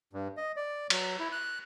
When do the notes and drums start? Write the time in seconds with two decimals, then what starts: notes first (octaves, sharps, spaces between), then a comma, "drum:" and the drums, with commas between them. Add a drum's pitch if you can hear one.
0.13 G2
0.37 D#5
0.56 D5
0.90 F#3, drum: cymbal
1.19 E4
1.32 F#6